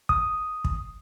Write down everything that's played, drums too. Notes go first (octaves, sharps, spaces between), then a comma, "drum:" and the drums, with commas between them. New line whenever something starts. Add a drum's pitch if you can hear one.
D#6, drum: kick
drum: kick